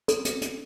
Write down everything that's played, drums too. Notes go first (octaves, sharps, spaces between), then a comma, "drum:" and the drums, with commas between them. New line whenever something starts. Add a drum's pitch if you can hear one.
A4, drum: hi-hat
drum: hi-hat
drum: hi-hat